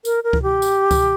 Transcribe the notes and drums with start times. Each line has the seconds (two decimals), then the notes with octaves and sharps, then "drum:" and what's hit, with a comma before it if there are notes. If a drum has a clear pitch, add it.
0.05 A#4, drum: tambourine
0.24 A#4
0.33 drum: kick C#2
0.43 G4
0.62 drum: tambourine
0.91 drum: kick C#2, tambourine